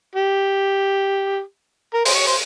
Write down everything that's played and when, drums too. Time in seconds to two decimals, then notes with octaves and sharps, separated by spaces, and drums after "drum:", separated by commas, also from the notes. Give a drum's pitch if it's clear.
0.15 G4
1.94 A#4
2.05 C5, drum: open hi-hat
2.15 C#5
2.27 C5